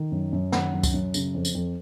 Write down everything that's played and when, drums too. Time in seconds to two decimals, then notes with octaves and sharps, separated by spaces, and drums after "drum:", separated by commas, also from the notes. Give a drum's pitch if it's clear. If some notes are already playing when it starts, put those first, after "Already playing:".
Already playing: D#3
0.12 F#2
0.33 F#2
0.52 D#3 F#5, drum: snare
0.74 F#2
0.83 drum: kick C#2, tambourine
0.94 F#2
1.14 C#3, drum: tambourine
1.34 F2
1.45 drum: tambourine
1.55 F2